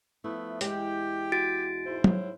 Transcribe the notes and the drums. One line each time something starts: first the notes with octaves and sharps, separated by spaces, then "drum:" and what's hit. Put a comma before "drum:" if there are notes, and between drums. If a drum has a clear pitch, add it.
F3 A3 B3 E4
E2 G#3 G4, drum: hi-hat
F#4 A6 D7
G#2 E4 C5
F#3, drum: tom